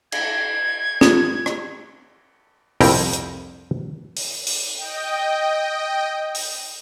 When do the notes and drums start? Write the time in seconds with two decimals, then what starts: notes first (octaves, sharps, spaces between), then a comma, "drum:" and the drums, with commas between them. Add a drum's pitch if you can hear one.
0.12 G#6, drum: cymbal
1.01 F4, drum: snare
1.46 drum: rim click
2.81 C2 F2 E4 A#4 G5, drum: open hi-hat
3.13 drum: hi-hat
4.16 drum: open hi-hat
4.47 drum: open hi-hat
4.76 D#5 G5
6.35 drum: open hi-hat